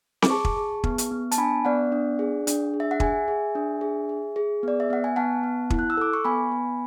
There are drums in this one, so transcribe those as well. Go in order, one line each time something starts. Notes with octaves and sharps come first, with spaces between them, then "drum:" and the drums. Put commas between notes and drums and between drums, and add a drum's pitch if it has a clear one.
D6, drum: snare C4
G#4 A5 C#6
drum: kick
G#4
B3, drum: kick
drum: hi-hat
B3
A5, drum: hi-hat
D4 G#5 B5
B3 D5 F#5
D4
G#4
D4, drum: hi-hat
G#4
E5
F#5
G#4 E5 G#5, drum: kick
G#4
D4
G#4
G#4
G#4
B3 D5
E5
B3 F#5
G#5
B3 F#5 A5
B3
E4, drum: kick
F#6
E6
A4 D6
C#6
B3 G#5 B5
B3